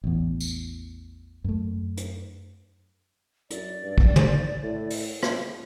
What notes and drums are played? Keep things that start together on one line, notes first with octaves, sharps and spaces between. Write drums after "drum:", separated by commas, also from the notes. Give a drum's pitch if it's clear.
A1 E2
drum: tambourine
F#2 A3
drum: hi-hat
F#2 D5, drum: hi-hat
G2
drum: kick
B1, drum: tom
A2
drum: open hi-hat
C#2, drum: rim click